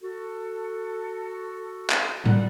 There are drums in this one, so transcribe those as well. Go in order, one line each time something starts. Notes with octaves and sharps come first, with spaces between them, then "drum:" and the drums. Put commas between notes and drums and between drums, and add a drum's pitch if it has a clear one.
F#4 A4
drum: clap
G3 F#5, drum: tom A2